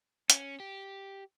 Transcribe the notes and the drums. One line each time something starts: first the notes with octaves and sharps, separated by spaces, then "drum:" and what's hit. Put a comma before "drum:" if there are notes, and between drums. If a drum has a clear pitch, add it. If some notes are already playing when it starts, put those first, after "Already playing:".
C#4, drum: hi-hat
G4